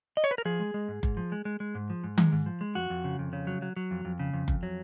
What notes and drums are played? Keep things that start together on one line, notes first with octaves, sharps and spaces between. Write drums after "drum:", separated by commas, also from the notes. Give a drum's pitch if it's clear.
D#5
C#5
B4
A#4
F3 G#4
G#3
G#3
G#2
G#2, drum: kick F#1
F3
G#3
G#3
G#3
G#2
F3
G#2
G#3, drum: tom D#3
G#2
F3
G#3
F2 F#4
F2
C#3
F2
C#3
F#3
F#3
F#3
F2
F2
C#3
F2
F2, drum: kick F#1
F#3